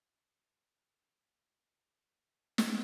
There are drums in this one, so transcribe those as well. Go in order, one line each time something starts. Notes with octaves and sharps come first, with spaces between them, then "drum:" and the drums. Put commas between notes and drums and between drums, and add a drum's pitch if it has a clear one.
D3
A1 F#2 D3
E3 B4
C#2
G#3 F#4 F6
drum: snare